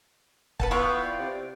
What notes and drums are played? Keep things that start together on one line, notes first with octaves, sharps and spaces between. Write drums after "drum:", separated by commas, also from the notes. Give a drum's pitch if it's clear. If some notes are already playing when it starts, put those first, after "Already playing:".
B4 F#5 A5, drum: kick
B3 E4 F4 G5 C#6
D5
C3